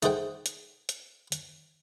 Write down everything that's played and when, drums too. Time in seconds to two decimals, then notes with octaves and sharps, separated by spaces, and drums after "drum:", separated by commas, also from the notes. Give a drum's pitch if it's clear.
0.02 A3 D#4 G#4 C5 F#5 G5, drum: hi-hat
0.46 drum: hi-hat
0.89 drum: hi-hat
1.32 drum: hi-hat